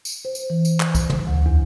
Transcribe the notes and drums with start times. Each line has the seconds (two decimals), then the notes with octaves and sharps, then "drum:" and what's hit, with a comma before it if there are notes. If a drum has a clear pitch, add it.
0.05 drum: tambourine
0.25 C5
0.35 drum: tambourine
0.50 E3
0.65 drum: tambourine
0.80 drum: clap
0.95 drum: kick, tambourine
1.10 drum: tom
1.27 D2
1.46 E2